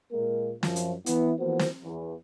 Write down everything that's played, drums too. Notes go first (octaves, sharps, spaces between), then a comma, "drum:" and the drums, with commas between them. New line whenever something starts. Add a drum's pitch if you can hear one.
A#2 G#3 A#3 A#4
F#2 F3, drum: snare
drum: hi-hat
E3 B3 E4, drum: hi-hat
E3 F3 A#3 B3 F#4 C5
drum: snare
E2